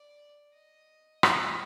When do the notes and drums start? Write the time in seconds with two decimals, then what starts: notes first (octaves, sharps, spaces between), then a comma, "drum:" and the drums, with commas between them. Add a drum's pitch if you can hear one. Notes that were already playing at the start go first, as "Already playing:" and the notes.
Already playing: D5
0.54 D#5
1.23 drum: rim click